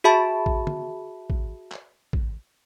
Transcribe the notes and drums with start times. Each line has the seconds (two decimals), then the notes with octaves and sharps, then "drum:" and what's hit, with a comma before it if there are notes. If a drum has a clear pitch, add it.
0.04 F#4 G#4 E5 A5 B5
0.46 drum: kick
0.67 drum: tom
1.30 drum: kick
1.71 drum: clap
2.13 drum: kick